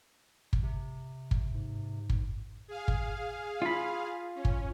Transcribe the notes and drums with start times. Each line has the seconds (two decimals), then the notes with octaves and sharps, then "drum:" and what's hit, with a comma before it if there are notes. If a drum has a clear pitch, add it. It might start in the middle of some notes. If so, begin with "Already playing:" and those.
0.53 drum: kick
0.63 C3
1.31 drum: kick
1.54 G#2
2.10 drum: kick
2.68 G#4 F5
2.88 drum: kick
3.62 F4 B5
4.35 C#4
4.45 drum: kick